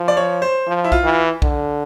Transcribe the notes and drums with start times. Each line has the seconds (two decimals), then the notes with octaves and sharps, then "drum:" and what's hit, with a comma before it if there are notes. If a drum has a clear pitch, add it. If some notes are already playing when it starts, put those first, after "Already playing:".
Already playing: F3
0.08 D5
0.17 C#5
0.42 C5
0.67 F3
0.84 E4
0.92 F4, drum: kick
1.04 E3
1.42 D3, drum: kick